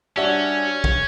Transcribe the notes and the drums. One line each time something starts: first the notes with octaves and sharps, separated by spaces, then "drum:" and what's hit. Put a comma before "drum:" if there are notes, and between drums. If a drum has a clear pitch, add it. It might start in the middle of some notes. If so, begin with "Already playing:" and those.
G3 C#4 D4 F#4 C#5 E5
drum: kick A#1